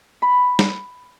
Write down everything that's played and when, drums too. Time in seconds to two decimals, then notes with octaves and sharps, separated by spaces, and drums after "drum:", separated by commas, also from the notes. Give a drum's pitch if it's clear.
0.22 B5
0.59 drum: snare